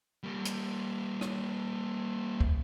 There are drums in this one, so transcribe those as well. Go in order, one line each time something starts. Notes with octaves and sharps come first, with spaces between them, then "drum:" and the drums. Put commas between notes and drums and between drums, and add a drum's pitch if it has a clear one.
G3 A#3
drum: hi-hat
drum: rim click
drum: kick